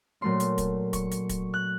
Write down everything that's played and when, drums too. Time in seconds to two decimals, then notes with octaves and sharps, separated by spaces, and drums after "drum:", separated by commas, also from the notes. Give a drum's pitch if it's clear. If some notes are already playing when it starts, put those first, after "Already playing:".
0.21 A#2 F#3 A3 C#4 C6
0.40 drum: hi-hat
0.58 drum: kick, hi-hat
0.93 C#6, drum: kick, hi-hat
1.12 drum: hi-hat
1.29 drum: kick, hi-hat
1.54 F#6